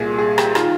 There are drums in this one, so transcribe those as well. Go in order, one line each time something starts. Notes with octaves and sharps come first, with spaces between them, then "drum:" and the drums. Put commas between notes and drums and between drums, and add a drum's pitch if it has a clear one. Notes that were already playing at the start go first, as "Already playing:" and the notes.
Already playing: C2 A#2 G#4
G#4
G4, drum: rim click
D#3 F4, drum: rim click